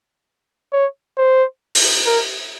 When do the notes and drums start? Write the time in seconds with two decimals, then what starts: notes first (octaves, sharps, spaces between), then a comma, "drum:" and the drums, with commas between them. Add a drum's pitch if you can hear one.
0.72 C#5
1.17 C5
1.75 drum: open hi-hat
2.06 A#4